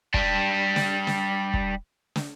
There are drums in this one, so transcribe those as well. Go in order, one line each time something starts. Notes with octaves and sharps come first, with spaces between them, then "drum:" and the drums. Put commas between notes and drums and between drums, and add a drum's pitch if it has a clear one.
G3 D4, drum: kick
drum: snare
drum: snare
drum: kick
drum: snare